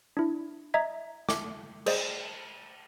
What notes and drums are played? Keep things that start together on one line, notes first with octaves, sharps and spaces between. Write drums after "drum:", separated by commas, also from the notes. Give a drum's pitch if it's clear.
D4 E4
D#5 E5 A#5 G#6 B6
D6, drum: snare
G#4 C5 D5 D#5, drum: cymbal